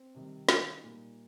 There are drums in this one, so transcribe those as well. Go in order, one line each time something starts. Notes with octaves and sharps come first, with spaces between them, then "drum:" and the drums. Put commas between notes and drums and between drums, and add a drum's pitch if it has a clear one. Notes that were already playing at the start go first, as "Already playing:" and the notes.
Already playing: C4
C3 D#3 G3
D#4, drum: snare
A#2 G3